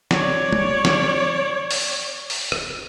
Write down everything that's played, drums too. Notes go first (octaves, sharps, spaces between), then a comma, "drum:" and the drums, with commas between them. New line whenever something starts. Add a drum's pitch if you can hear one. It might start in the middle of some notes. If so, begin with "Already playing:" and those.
C#5 D5, drum: snare
drum: tom
drum: snare
drum: open hi-hat
drum: open hi-hat
drum: rim click